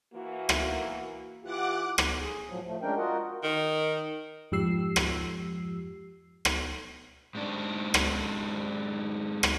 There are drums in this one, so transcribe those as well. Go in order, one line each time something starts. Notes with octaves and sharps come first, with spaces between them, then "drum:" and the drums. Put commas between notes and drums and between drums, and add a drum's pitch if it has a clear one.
E3 A#3 F#4
drum: rim click
E3 F4 G4 F#5 D6
drum: rim click
G#4
A2 F3 F#3
F3 A3
G#3 C#4 D4 A#4 G5
F4 F#4 A#4 D#5 F#5
D#3
F2 G#2 F3 G4 E6 C7
drum: rim click
drum: rim click
G#2 D4
drum: rim click
drum: rim click